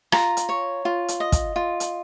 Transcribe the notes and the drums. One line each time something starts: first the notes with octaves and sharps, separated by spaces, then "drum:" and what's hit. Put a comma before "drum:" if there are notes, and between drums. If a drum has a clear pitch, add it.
F4 A#5, drum: rim click
drum: hi-hat
C#5
F4
drum: hi-hat
D#5
drum: kick, hi-hat
F4
drum: hi-hat